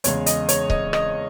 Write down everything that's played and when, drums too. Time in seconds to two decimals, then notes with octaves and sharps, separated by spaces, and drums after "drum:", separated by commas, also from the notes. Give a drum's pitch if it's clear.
0.04 E2 C#3 G#3 C#5, drum: hi-hat
0.26 D#5, drum: hi-hat
0.49 C#5, drum: hi-hat
0.70 D#5, drum: kick
0.93 D#5, drum: rim click